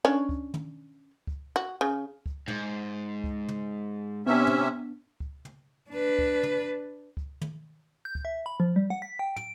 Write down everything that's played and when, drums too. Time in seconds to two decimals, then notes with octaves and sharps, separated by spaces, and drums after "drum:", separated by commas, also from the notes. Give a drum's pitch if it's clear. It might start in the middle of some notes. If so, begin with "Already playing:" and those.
0.05 C#4 D4 C#5
0.29 drum: kick C#2
0.54 drum: tom
1.27 drum: kick C#2
1.56 F#4
1.81 C#3
2.26 drum: kick C#2
2.48 G#2, drum: tom
3.24 drum: kick C#2
3.48 drum: tom
4.26 C3 B3 C#4 D4 E5
4.47 drum: tom
5.20 drum: kick C#2
5.45 drum: tom
5.90 D4 B4
6.19 drum: kick C#2
6.43 drum: tom
7.17 drum: kick C#2
7.41 drum: tom
8.05 G6
8.15 drum: kick C#2
8.25 E5
8.46 B5
8.60 F3
8.76 G3
8.90 F#5
9.02 B6
9.19 G5
9.36 D7, drum: tom